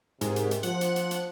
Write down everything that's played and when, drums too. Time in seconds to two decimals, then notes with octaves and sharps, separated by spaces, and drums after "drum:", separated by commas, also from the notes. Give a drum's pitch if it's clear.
0.21 G#2 C3 A#4, drum: hi-hat
0.36 drum: hi-hat
0.51 drum: hi-hat
0.63 F3 F#5, drum: hi-hat
0.81 drum: hi-hat
0.96 drum: hi-hat
1.11 drum: hi-hat